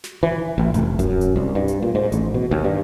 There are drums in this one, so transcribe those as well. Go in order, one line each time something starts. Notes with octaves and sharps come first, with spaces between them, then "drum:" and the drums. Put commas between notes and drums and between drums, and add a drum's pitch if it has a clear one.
drum: snare
E3
A1
F1, drum: hi-hat
F#2, drum: kick D1, hi-hat
drum: hi-hat
C2
G2
drum: hi-hat
A#2
G#2
A1, drum: hi-hat
B2
D#2
G2